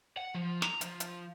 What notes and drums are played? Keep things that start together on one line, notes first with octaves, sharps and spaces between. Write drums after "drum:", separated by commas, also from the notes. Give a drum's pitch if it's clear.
F#5
F3
A#5, drum: snare
F3, drum: hi-hat
drum: hi-hat